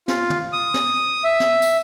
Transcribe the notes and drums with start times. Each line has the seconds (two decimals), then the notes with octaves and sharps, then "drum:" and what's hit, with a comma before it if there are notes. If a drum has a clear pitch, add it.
0.08 F4, drum: snare
0.30 drum: tom
0.53 D#6
0.74 drum: snare
1.24 E5
1.40 drum: snare
1.62 drum: tambourine